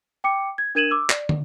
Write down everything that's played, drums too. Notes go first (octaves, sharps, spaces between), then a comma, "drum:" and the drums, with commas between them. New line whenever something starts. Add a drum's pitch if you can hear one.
G5 D6 C#7
G#6
D4 A#4 G#6 D#7 E7 F#7
D6 E6
D5, drum: clap
drum: tom